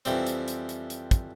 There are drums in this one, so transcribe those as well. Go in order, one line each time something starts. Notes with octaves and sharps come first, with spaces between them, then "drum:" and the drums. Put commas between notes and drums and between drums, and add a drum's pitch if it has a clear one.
F2 E3 G3 C4, drum: hi-hat
drum: hi-hat
drum: hi-hat
drum: hi-hat
drum: hi-hat
drum: kick, hi-hat